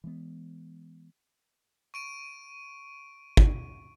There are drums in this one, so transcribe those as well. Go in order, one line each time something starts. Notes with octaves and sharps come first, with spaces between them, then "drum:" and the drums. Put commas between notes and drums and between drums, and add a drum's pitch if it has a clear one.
E3 G#3 B3
C#6 D7 D#7
drum: kick